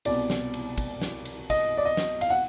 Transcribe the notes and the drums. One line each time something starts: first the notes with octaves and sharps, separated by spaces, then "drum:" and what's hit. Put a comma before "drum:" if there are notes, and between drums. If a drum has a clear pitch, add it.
C2 B2 D5, drum: cymbal
drum: snare
drum: cymbal
drum: kick, cymbal
drum: snare
drum: cymbal
D#5, drum: kick, cymbal
D5
D#5
drum: snare
F5, drum: cymbal
F#5